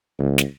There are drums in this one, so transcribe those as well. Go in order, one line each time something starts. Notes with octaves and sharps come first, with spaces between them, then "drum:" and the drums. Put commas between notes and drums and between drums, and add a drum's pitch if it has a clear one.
C#2
drum: snare